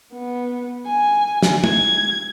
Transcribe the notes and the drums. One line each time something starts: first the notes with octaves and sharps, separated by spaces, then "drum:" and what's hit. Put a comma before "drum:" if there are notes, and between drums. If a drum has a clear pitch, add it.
B3
G#5
drum: snare
G#6, drum: tom